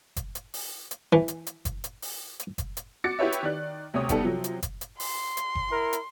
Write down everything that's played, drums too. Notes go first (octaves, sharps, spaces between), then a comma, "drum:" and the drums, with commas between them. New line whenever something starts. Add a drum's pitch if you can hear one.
drum: kick F#1, hi-hat
drum: hi-hat
drum: open hi-hat
drum: hi-hat
E3
drum: hi-hat
drum: hi-hat
drum: kick F#1, hi-hat
drum: hi-hat
drum: open hi-hat
drum: hi-hat
drum: kick F#1, hi-hat
drum: hi-hat
F#4 D6 A6 C#7
E4 F#4 G4 B4 C#5 E5
drum: hi-hat
D#3 D5 F#6
D2 C3 C#5 D#6
G3 B3 D#4 A4, drum: kick F#1, hi-hat
C3 F3 F#3
drum: hi-hat
drum: kick F#1, hi-hat
drum: hi-hat
C6, drum: open hi-hat
drum: hi-hat
drum: kick F#1
E4 A#4
drum: hi-hat